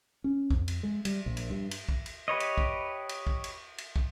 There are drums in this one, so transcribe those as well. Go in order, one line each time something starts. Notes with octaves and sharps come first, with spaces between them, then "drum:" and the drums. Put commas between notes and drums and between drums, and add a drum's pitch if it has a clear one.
C#4
F2, drum: kick
drum: cymbal
G#3
G3, drum: cymbal
A#1
drum: cymbal
G2
drum: cymbal
drum: kick
drum: cymbal
G4 B4 C#5 D#5
drum: cymbal
drum: kick
drum: cymbal
drum: kick
drum: cymbal
drum: cymbal
drum: kick